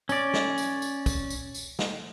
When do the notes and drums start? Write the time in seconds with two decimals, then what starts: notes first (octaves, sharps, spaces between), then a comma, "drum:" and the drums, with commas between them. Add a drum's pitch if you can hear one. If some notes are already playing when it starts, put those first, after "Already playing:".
0.09 C#4 D5, drum: tambourine
0.33 drum: snare
0.58 drum: tambourine
0.82 drum: tambourine
1.06 drum: kick, tambourine
1.30 drum: tambourine
1.55 drum: tambourine
1.79 drum: snare